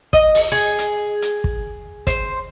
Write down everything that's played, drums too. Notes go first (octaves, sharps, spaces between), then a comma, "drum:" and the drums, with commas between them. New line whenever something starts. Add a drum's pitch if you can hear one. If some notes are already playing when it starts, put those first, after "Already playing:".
D#5, drum: kick
drum: open hi-hat
G#4
drum: hi-hat
drum: hi-hat
drum: kick
C5, drum: kick, hi-hat